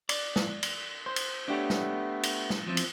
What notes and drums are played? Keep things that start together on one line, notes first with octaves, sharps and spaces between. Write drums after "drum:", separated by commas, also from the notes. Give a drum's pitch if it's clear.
D5, drum: cymbal
drum: snare
drum: cymbal
C5 C6
drum: cymbal
A3 B3 D4 G4 C#5
drum: snare
drum: cymbal
drum: snare
E2 F3 C4
drum: cymbal